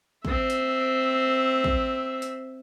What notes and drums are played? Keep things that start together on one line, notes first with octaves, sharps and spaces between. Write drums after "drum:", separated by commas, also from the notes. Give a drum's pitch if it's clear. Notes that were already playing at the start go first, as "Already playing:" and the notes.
C4 E5, drum: kick
drum: hi-hat
drum: kick
drum: hi-hat